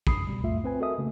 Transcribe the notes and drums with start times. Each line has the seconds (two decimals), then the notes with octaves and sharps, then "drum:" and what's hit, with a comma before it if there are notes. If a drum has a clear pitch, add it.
0.07 F#2 B5 D#6 C7, drum: kick
0.27 B2 G3
0.42 B1 F2 A2 A3 F4 E5
0.64 C4 B4 G#5
0.80 F#4 A4 A#4 D#5 E5 D#6
0.98 C#3 A3 A#3 F#4